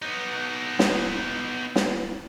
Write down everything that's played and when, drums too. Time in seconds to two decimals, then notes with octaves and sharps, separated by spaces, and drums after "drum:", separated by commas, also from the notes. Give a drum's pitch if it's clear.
0.02 B3 D#4
0.79 drum: snare
1.76 drum: snare